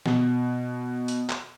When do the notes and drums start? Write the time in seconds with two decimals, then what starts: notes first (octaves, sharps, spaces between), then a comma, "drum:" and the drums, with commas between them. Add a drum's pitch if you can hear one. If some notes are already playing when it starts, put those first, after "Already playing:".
0.06 B2, drum: snare F3
1.08 drum: hi-hat
1.29 drum: clap